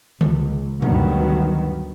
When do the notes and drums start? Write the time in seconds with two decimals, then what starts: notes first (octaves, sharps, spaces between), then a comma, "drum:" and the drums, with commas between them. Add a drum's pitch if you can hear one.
0.21 C#2, drum: tom D3
0.82 D2 G2 D#3 F#3 B3, drum: tom B2